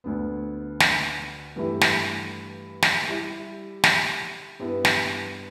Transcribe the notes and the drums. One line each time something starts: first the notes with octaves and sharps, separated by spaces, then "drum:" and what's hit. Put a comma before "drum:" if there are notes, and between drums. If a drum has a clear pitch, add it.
D2 D3 B3
drum: snare
G2 E3 A3 E4 G4
drum: snare
drum: snare
G3 E4 G4 E5
drum: snare
G2 G3 B3 E4 B4
drum: snare